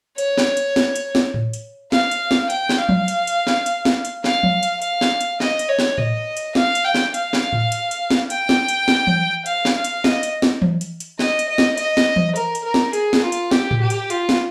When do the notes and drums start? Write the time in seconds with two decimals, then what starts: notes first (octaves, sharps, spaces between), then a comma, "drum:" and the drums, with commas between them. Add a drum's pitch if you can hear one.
0.18 C#5, drum: hi-hat
0.38 drum: snare
0.57 drum: hi-hat
0.76 drum: snare
0.96 drum: hi-hat
1.15 drum: snare
1.34 drum: tom A2
1.53 drum: hi-hat
1.92 F5, drum: snare
2.11 drum: hi-hat
2.31 drum: snare
2.50 G5, drum: hi-hat
2.69 drum: snare
2.78 F5
2.89 drum: tom F3
3.08 drum: hi-hat
3.27 drum: hi-hat
3.47 drum: snare
3.66 drum: hi-hat
3.85 drum: snare
4.05 drum: hi-hat
4.24 F5, drum: snare
4.43 drum: tom F3
4.63 drum: hi-hat
4.82 F5, drum: hi-hat
5.01 drum: snare
5.21 drum: hi-hat
5.40 D#5, drum: snare
5.59 drum: hi-hat
5.69 C#5
5.79 drum: snare
5.98 D#5, drum: tom A2
6.37 drum: hi-hat
6.55 F5, drum: snare
6.75 drum: hi-hat
6.84 G5
6.95 drum: snare
7.14 F5, drum: hi-hat
7.33 drum: snare
7.53 drum: tom A2
7.72 drum: hi-hat
7.91 drum: hi-hat
8.10 drum: snare
8.30 G5, drum: hi-hat
8.49 drum: snare
8.68 drum: hi-hat
8.88 drum: snare
9.07 drum: tom E3
9.46 F5, drum: hi-hat
9.65 drum: snare
9.75 F5
9.84 drum: hi-hat
10.04 D#5, drum: snare
10.23 drum: hi-hat
10.42 drum: snare
10.62 drum: tom E3
10.81 drum: hi-hat
11.00 drum: hi-hat
11.19 D#5, drum: snare
11.39 drum: hi-hat
11.49 D#5
11.58 drum: snare
11.78 D#5, drum: hi-hat
11.97 drum: snare
12.16 drum: tom E3
12.36 A#4, drum: hi-hat
12.55 drum: hi-hat
12.64 A#4
12.74 drum: snare
12.93 G#4, drum: hi-hat
13.13 drum: snare
13.23 F4
13.32 drum: hi-hat
13.51 G4, drum: snare
13.71 drum: tom A2
13.81 G4
13.90 drum: hi-hat
14.10 F4, drum: hi-hat
14.29 drum: snare